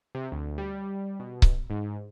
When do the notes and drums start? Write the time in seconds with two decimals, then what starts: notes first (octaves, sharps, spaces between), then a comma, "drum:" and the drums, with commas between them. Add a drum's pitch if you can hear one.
0.15 C3
0.32 D2
0.58 G3
1.20 B2
1.42 drum: kick C#1
1.70 G#2